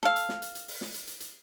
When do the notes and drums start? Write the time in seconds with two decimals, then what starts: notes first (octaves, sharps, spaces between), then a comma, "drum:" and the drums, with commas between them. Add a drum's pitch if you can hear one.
0.03 A4 F5, drum: snare
0.16 drum: hi-hat
0.29 drum: snare
0.42 drum: hi-hat
0.55 drum: hi-hat
0.68 drum: open hi-hat
0.81 drum: snare
0.94 drum: hi-hat
1.07 drum: hi-hat
1.20 drum: hi-hat